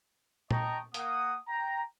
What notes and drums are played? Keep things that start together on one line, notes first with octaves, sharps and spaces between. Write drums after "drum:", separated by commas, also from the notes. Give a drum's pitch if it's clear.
D#5 G5 A5 A#5 C#6 D#6, drum: tom
A#3 F#5 D#6, drum: hi-hat
G5 A#5